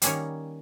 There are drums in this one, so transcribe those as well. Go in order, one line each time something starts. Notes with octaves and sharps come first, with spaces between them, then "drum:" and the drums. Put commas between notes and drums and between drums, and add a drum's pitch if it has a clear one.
D#3 G3 A#3 C#4 C#5, drum: hi-hat